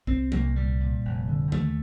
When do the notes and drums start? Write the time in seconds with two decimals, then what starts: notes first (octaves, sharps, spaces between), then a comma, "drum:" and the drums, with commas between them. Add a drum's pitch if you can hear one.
0.07 C2 C4, drum: kick
0.32 C2 A#3, drum: tom
0.56 A#2 G3
0.80 A#2
1.05 F1
1.28 D3
1.52 D#2 A3, drum: tom